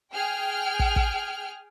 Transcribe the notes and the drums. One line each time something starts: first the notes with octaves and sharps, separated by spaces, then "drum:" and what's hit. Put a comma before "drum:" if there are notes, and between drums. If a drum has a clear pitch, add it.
G#4 G5 F6
drum: kick
drum: kick